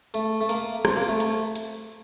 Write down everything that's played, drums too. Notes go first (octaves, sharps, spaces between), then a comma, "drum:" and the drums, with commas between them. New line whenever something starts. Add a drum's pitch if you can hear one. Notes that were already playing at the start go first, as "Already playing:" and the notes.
A3, drum: hi-hat
A3
A#3, drum: hi-hat
C4, drum: rim click
A#3
A3
drum: hi-hat
drum: hi-hat